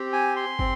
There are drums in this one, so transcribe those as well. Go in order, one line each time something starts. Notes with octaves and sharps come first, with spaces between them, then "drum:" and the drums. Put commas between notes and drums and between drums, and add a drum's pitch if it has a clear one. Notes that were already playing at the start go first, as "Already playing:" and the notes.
Already playing: C4 G4
G#5
C6
C4, drum: kick